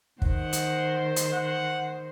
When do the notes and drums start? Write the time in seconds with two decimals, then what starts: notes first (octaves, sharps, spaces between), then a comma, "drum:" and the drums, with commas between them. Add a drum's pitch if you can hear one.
0.22 D#3 C5 F#5, drum: kick
0.53 drum: hi-hat
1.16 drum: hi-hat
1.34 F#5